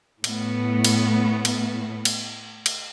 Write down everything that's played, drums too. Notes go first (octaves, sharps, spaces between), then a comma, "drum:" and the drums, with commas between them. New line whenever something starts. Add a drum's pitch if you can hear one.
A2 A3 B3, drum: cymbal
drum: cymbal
drum: cymbal
drum: cymbal
drum: cymbal